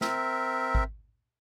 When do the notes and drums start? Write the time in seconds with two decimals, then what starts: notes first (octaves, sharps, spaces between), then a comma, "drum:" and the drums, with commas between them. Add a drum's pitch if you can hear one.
0.01 C4 A#4 E5, drum: snare
0.75 drum: kick G#1